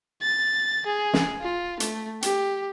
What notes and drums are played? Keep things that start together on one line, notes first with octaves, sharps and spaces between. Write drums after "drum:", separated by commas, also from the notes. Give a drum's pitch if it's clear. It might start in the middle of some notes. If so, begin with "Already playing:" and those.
A6
G#4
drum: snare
F4
A3, drum: hi-hat
G4, drum: hi-hat